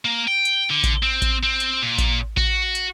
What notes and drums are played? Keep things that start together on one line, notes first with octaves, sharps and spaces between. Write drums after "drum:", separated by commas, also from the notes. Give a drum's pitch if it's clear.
A#3
G5
drum: hi-hat
D3
drum: kick A1, hi-hat
C4
drum: kick A1, hi-hat
C4
drum: hi-hat
A#2
drum: kick A1, hi-hat
F#4, drum: kick A1
drum: hi-hat